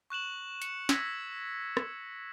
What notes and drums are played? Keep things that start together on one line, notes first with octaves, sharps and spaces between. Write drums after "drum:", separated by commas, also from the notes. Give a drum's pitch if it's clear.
C#6 F#6 E7 F#7
C#7, drum: hi-hat
E6 G#6 A#6 B6, drum: snare
drum: rim click